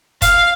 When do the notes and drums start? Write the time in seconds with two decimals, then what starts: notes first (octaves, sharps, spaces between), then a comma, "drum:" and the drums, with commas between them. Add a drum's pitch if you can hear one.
0.22 F5, drum: kick F#1, hi-hat